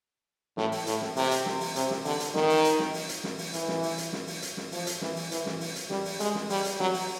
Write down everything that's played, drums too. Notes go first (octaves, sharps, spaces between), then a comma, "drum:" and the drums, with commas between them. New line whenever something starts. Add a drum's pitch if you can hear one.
A2, drum: snare
drum: open hi-hat
A2, drum: hi-hat
drum: snare
C3, drum: open hi-hat
drum: hi-hat
drum: snare
drum: open hi-hat
C3, drum: hi-hat
drum: snare
D3, drum: open hi-hat
drum: hi-hat
D#3, drum: snare
drum: open hi-hat
drum: hi-hat
drum: snare
drum: open hi-hat
drum: hi-hat
drum: snare
drum: open hi-hat
E3, drum: hi-hat
drum: snare
drum: open hi-hat
drum: hi-hat
drum: snare
drum: open hi-hat
drum: hi-hat
drum: snare
F3, drum: open hi-hat
drum: hi-hat
E3, drum: snare
drum: open hi-hat
E3, drum: hi-hat
drum: snare
drum: open hi-hat
drum: hi-hat
G3, drum: snare
drum: open hi-hat
G#3, drum: hi-hat
drum: snare
G3, drum: open hi-hat
drum: hi-hat
F#3, drum: snare
drum: open hi-hat